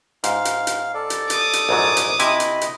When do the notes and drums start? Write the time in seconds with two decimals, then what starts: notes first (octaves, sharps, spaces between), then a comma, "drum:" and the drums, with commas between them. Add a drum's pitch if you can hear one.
0.24 G#2 F5, drum: hi-hat
0.45 drum: hi-hat
0.67 drum: hi-hat
0.94 A4 D5
1.10 drum: hi-hat
1.30 D6 D#6, drum: hi-hat
1.53 drum: hi-hat
1.69 A#1 G#2 F#3
1.97 drum: hi-hat
2.19 C3 E4 D#5 G#5 B5, drum: hi-hat
2.40 drum: hi-hat
2.61 drum: hi-hat